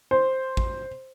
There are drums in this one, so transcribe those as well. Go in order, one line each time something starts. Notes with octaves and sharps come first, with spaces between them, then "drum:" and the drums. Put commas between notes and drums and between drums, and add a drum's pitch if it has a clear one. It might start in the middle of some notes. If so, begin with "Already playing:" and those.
C5
drum: kick A1